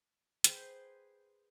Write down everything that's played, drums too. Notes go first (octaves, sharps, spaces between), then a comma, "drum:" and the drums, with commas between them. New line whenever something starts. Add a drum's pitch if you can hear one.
G#4 B4 C5 G5, drum: hi-hat